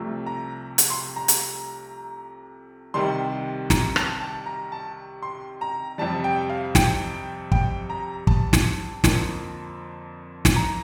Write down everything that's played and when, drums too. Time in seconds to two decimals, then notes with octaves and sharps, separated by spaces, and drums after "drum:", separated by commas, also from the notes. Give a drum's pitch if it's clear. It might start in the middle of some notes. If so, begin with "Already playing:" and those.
Already playing: C2 C3 F3 A3
0.26 A#5
0.78 drum: hi-hat
0.90 C6
1.16 A#5
1.28 drum: hi-hat
2.94 C2 C3 D#3 G3 C6
3.70 A#5, drum: snare
3.96 A5, drum: rim click
4.20 A5
4.46 A#5
4.72 A5
5.23 C6
5.61 A#5
5.98 F2 C3 G3 A5
6.24 G5
6.50 F5
6.75 G5, drum: snare
7.52 G5, drum: kick
7.90 A#5
8.27 A5, drum: kick
8.53 drum: snare
9.04 F2 D3 F3 A#3, drum: snare
10.45 drum: snare
10.56 A#5